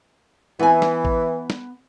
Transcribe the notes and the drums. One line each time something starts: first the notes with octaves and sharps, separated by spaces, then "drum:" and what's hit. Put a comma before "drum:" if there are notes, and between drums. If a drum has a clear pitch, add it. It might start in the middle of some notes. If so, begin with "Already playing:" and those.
E3 B3 G#5
drum: snare
drum: kick A1
drum: snare